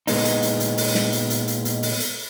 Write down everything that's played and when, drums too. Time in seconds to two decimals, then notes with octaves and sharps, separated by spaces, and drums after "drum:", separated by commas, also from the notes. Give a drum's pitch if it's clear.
0.07 A#2 G#3 B3 D#4, drum: open hi-hat
0.25 drum: hi-hat
0.42 drum: hi-hat
0.60 drum: hi-hat
0.78 drum: open hi-hat
0.95 drum: snare
1.13 drum: hi-hat
1.30 drum: hi-hat
1.48 drum: hi-hat
1.65 drum: hi-hat
1.83 drum: open hi-hat
2.00 drum: hi-hat